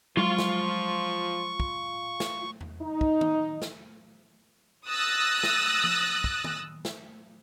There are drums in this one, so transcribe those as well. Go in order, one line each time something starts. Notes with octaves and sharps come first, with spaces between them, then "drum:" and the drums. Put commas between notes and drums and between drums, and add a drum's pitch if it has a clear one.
F3 F#3 G#3 F4 C6 C#6
drum: snare
drum: kick
drum: snare
drum: tom E2
D#4
drum: kick
drum: tom D#3
drum: snare
D#6 E6 F#6 A6 A#6
drum: snare
drum: tom F3
drum: kick
drum: tom D#3
drum: snare